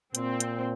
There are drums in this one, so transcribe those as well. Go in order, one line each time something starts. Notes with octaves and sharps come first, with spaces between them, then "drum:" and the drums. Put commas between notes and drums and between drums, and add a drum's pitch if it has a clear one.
A#2 C4, drum: hi-hat
drum: hi-hat